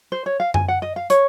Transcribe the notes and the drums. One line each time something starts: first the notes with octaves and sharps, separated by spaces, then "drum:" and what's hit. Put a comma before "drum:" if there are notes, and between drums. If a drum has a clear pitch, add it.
C5
C#5
F5
G#5, drum: tom F#2
F#5
D#5
F5
C#5, drum: hi-hat